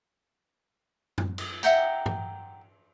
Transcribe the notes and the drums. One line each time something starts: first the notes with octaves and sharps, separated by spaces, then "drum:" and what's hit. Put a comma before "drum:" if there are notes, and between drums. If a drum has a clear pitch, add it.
drum: tom F#2
drum: cymbal
E5 F#5 G5 A#5, drum: tambourine
drum: tom G2